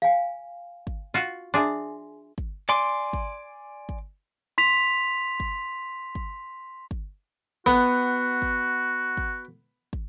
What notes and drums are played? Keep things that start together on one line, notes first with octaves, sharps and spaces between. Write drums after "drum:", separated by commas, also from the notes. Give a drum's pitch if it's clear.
F5 G#5
drum: kick
F4 F#4
D4 G#4 E5 C6
drum: kick
D5 G#5 C6 D6
drum: kick
drum: kick
C6 B6 F7
drum: kick
drum: kick
drum: kick
B3 F#4, drum: kick
drum: kick
drum: kick
drum: kick